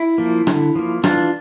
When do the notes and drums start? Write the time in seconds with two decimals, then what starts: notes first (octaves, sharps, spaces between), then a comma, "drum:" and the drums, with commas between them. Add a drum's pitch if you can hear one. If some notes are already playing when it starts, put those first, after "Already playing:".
Already playing: E4
0.18 F3 A#3
0.47 D3, drum: rim click
0.76 F3 A#3
1.04 E3 D4 F4, drum: rim click